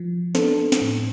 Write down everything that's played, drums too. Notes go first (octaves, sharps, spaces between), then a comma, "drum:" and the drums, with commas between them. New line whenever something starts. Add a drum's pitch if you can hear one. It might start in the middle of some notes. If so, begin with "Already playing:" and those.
Already playing: F3
B3 D4 A4 C5, drum: snare
drum: snare
A2